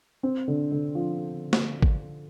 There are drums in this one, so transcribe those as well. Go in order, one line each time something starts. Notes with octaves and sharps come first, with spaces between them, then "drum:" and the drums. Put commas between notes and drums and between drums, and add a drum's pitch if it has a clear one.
C4
D3
D3
F3
drum: snare
drum: kick